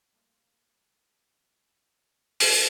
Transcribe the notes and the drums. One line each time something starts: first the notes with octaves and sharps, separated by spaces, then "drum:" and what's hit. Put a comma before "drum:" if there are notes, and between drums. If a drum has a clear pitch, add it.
G3 A3 A#3 F4
drum: open hi-hat